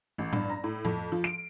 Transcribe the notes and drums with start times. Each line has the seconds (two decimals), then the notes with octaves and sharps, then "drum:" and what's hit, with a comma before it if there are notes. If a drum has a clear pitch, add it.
0.18 A1
0.33 G2, drum: tom A2
0.50 A#5
0.64 A2
0.85 F2, drum: tom A2
1.12 F3
1.24 D7